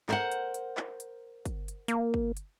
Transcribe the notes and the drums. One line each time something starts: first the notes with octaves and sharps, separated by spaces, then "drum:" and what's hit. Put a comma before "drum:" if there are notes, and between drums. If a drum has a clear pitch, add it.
A#4 C5 F#5, drum: clap
drum: hi-hat
drum: hi-hat
drum: clap
drum: hi-hat
drum: kick, hi-hat
drum: hi-hat
A#3, drum: hi-hat
drum: kick
drum: hi-hat